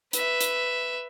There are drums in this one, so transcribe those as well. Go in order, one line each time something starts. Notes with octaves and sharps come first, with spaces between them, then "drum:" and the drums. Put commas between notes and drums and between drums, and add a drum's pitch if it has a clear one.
B4 E5, drum: hi-hat
drum: hi-hat